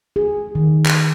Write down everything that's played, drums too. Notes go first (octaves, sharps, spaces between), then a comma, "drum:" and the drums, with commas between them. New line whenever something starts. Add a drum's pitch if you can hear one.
G#4
D#3
drum: clap